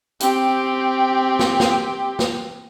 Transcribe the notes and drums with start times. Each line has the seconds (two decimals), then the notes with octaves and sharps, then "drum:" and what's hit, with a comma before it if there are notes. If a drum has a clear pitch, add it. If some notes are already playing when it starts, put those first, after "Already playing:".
0.20 C4 G4, drum: hi-hat
1.39 drum: snare
1.60 drum: snare
2.19 drum: snare